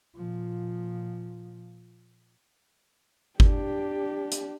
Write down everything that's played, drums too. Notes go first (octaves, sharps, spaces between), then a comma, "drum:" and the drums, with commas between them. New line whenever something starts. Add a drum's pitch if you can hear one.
A#2 F3
D4 G4, drum: kick G1
drum: hi-hat